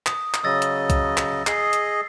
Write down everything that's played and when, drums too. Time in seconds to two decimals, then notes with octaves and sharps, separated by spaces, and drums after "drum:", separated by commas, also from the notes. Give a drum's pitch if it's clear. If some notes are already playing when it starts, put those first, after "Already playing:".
0.06 D#6, drum: clap
0.34 drum: clap
0.44 C#3 F#3 D#5 E6 A6 A#6
0.62 drum: hi-hat
0.90 drum: kick B1, hi-hat
1.17 drum: clap
1.47 G#4 D#5 C7, drum: clap
1.73 drum: hi-hat